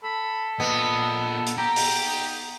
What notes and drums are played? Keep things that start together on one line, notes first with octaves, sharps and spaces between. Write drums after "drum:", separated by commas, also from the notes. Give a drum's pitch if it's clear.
A4 B5
A#2 B3 D4 D#5
drum: hi-hat
G4 G5 A#5
drum: open hi-hat
D#4